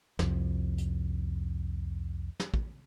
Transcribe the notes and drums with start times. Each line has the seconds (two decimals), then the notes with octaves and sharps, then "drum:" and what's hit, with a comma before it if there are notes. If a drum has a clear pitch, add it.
0.19 C2 F2, drum: snare
0.78 drum: hi-hat
2.40 drum: snare
2.54 drum: kick